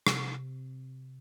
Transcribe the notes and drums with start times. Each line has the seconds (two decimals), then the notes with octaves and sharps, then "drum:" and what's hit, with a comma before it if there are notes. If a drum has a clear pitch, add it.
0.07 C3, drum: rim click